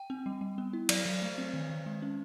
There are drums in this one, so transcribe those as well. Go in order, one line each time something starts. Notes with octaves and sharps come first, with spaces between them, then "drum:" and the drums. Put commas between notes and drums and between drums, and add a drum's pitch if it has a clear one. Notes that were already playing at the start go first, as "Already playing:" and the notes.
Already playing: G5
C4
G3
G3
B3
E4
F#3 D5, drum: cymbal
F#3
A3
C4
D#3
D#3
G#3
C#4